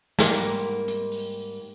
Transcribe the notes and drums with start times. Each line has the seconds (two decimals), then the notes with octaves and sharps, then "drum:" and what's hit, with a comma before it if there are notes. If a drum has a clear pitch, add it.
0.19 G#2 G3 A#3 A#4, drum: snare
0.88 drum: hi-hat
1.12 drum: open hi-hat